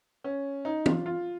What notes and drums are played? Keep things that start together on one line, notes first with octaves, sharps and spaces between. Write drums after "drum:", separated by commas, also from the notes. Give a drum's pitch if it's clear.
C#4
D#4
F4, drum: tom
F4